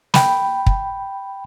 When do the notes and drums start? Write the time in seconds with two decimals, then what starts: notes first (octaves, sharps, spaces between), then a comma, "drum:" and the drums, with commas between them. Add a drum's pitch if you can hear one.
0.14 G5 B5, drum: snare
0.66 drum: kick